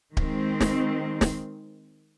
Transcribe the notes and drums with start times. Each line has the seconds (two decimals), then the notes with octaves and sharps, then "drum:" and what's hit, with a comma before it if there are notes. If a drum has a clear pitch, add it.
0.17 D#3 G#3 C4, drum: kick D1
0.60 drum: snare
1.21 drum: snare